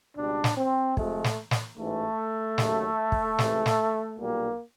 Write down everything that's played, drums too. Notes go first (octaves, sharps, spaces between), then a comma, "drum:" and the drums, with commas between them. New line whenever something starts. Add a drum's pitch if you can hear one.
C#2 B2 G3 D4
drum: snare
C4
F2 C3 F3 G#3 A3, drum: kick
drum: snare
drum: snare
A1 G#2 E3 A3
D#2 C#3 F#3, drum: snare
drum: kick
C#2 C3 E3, drum: snare
drum: snare
B1 A#2 G3 A#3